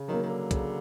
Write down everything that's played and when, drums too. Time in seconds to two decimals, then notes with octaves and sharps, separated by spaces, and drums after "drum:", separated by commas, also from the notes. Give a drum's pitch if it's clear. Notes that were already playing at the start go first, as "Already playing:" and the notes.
Already playing: C#3
0.08 D#3 F#3 A#3
0.23 D#3
0.29 D3
0.51 C#3, drum: kick C2, hi-hat